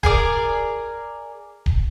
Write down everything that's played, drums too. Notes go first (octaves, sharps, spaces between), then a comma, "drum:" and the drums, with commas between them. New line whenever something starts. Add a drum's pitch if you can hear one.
G#4 A#4 D5, drum: kick D1
drum: kick D1